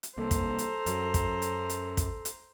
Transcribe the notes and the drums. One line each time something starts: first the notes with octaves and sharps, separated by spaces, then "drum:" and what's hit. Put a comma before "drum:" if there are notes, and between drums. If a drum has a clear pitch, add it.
drum: hi-hat
C2 A#3 A4 C5 A#5
drum: kick, hi-hat
drum: hi-hat
F#2 F#3, drum: hi-hat
drum: kick, hi-hat
drum: hi-hat
drum: hi-hat
drum: kick, hi-hat
drum: hi-hat